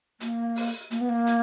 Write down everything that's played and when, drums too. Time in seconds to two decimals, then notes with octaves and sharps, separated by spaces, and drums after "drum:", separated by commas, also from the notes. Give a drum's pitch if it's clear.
0.20 A#3, drum: hi-hat
0.56 drum: open hi-hat
0.91 A#3, drum: hi-hat
1.01 B3
1.09 A#3
1.27 drum: hi-hat